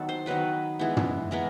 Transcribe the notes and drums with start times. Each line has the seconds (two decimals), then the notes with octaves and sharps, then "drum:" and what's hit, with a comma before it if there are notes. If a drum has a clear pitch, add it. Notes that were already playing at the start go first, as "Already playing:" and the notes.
Already playing: D#3 F#3 B3 A4
0.09 C5
0.26 D#3 F#3 B3 B4
0.79 E3 G#3 B3
0.97 drum: tom
1.31 E3 G#3 B3 A#4